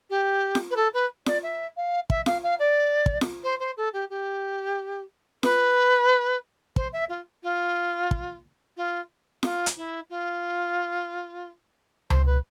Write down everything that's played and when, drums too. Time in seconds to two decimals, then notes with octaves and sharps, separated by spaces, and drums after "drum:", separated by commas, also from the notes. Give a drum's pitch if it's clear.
0.10 G4
0.55 drum: snare
0.71 B4
0.76 A4
0.94 B4
1.26 D5, drum: snare
1.43 E5
1.77 F5
2.10 E5, drum: kick
2.26 F5, drum: snare
2.43 F5
2.59 D5
3.06 drum: kick
3.21 drum: snare
3.43 C5
3.60 C5
3.77 A4
3.93 G4
4.10 G4
5.43 B4, drum: snare
6.76 C5, drum: kick
6.93 E5
7.09 F4
7.43 F4
8.11 drum: kick
8.77 F4
9.43 F4, drum: snare
9.66 drum: hi-hat
9.77 E4
10.10 F4
12.10 C5, drum: tom C#2
12.26 B4